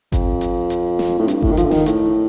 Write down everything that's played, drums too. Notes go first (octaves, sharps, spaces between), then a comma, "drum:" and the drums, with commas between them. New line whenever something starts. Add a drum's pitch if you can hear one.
F2, drum: kick G1, hi-hat
drum: hi-hat
drum: hi-hat
drum: snare
A2
G2, drum: hi-hat
A2, drum: kick G1
D#3
F3, drum: hi-hat
D3
D#3, drum: snare
A2, drum: hi-hat